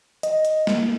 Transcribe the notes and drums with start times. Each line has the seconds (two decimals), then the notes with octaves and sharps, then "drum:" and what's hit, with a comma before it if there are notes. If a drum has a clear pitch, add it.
0.23 D#5, drum: hi-hat
0.45 drum: hi-hat
0.67 A#3, drum: snare